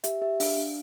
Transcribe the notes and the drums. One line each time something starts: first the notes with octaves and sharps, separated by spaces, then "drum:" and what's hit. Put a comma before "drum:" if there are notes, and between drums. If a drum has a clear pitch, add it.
G4 E5, drum: hi-hat
G4 E5
D4 F5, drum: open hi-hat
D4